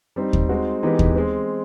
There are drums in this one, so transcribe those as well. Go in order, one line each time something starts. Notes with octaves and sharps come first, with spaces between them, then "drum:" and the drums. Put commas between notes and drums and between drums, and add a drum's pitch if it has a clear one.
G3 C4 D#4
drum: kick D#2
G#3 C4 D#4 F#4
E3 G#3 B3 D#4 G4
drum: kick D#2
G#3 C4